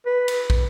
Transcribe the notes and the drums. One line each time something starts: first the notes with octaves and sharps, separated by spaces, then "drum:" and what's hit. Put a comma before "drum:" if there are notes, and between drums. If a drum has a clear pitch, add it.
B4
drum: cymbal
drum: kick